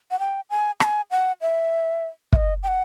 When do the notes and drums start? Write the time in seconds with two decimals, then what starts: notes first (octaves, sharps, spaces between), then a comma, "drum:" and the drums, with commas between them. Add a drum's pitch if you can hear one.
0.11 F#5
0.19 G5
0.50 G#5
0.80 A5, drum: rim click
0.84 G#5
1.11 F#5
1.41 E5
2.33 E5, drum: kick
2.36 D#5
2.63 G5
2.68 F#5